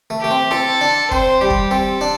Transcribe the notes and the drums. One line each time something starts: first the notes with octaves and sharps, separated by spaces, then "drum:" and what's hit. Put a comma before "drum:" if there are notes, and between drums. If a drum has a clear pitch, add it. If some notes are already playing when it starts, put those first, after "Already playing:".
A3
A3 G4
C4
C4 A4, drum: snare E4
D4
C4 C5, drum: kick
G3 G4
drum: kick
C4 A4
D4